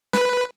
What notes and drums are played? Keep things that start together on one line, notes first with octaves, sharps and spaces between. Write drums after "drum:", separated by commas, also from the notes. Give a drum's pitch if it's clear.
B4, drum: snare